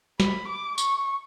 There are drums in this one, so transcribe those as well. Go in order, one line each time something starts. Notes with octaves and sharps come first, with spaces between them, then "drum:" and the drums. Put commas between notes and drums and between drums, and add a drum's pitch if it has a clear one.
B5, drum: snare
D6
C#6, drum: tambourine